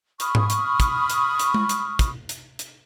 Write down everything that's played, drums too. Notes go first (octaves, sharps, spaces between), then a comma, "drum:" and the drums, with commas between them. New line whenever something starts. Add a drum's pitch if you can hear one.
B5 C#6 D#6 F6, drum: hi-hat
drum: tom G#2
drum: hi-hat
drum: kick, hi-hat
drum: hi-hat
drum: hi-hat
drum: tom G#3
drum: hi-hat
drum: kick, hi-hat
drum: hi-hat
drum: hi-hat